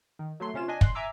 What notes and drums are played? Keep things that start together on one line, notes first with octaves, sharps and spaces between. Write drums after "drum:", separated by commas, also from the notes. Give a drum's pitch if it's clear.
D#3
F#3 A3 C6
C3 C#4 F4 E7
D4 D#5 G#5
C6 F#6, drum: kick
E5 G#5 A#5 D6 E6 C7